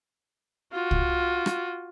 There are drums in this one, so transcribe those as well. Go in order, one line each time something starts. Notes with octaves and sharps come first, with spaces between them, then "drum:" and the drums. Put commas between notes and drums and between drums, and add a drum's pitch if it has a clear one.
F4 F#4
drum: kick C2
drum: rim click